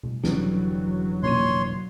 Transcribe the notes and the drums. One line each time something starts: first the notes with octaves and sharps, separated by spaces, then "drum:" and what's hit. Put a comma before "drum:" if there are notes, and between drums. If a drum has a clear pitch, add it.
drum: tom B2
F1 C#2 D3 E3 F#3 G3, drum: snare
C#2 A#2 C#5 C6 D#7, drum: tom B2